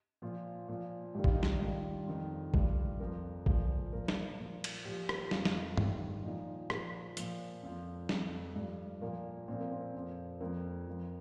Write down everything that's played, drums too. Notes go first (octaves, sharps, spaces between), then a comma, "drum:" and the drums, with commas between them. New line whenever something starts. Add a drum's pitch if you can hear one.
A#2 F3 F4
A#2 F3
G2 D#3 G4
F4, drum: kick
D#4
F4, drum: snare
G2 D#3
F2 D#3 F4
G2 F3, drum: kick
F2 F3 A#4
A#2 F3, drum: kick
A#2 F3 A#4
drum: snare
A#2 F3
drum: cymbal
A#2 F3 G4
A#4, drum: rim click
G4
F2 F3 F4, drum: snare
drum: snare
G2 D#3, drum: tom
A#2 F3 D#4
A#2 F3 A#3, drum: rim click
A#2 F3, drum: hi-hat
F2 F3
F2 F3, drum: snare
G2 F3
A#2 F3 A#3
A#2 F3 C4
A#3
C4
F2 F3
F2 F3 A#3
F2 F3